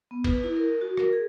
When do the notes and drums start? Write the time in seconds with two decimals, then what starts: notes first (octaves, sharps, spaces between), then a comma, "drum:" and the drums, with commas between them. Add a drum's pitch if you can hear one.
0.11 B3
0.24 B4, drum: kick, cymbal
0.44 E4
0.56 A#4
0.81 F#4
0.97 A#4, drum: rim click
1.13 G#4